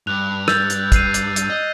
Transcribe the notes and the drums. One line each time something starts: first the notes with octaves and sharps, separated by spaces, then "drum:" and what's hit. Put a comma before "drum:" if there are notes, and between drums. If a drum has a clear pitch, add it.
G2 F#6 F7
E6 G6 A6, drum: rim click
drum: hi-hat
E6 C7 D#7, drum: kick, hi-hat
drum: hi-hat
drum: hi-hat
D#5